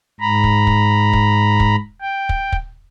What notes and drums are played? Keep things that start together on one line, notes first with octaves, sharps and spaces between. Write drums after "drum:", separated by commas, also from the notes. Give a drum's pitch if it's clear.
G#2 A#5 B5
drum: kick
drum: kick
drum: kick
drum: kick
G5
drum: kick
drum: kick